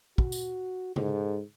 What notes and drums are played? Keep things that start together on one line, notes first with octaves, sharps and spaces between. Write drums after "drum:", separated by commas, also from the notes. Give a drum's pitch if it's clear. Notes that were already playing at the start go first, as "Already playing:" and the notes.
F#4, drum: kick
drum: tambourine
G#2 A4, drum: tom C#3